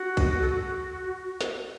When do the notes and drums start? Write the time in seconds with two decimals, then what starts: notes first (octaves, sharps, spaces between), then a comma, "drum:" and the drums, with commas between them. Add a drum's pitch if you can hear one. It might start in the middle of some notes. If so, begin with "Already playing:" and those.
Already playing: F#4
0.17 drum: kick, cymbal
0.41 A4
0.48 F#4
1.41 drum: snare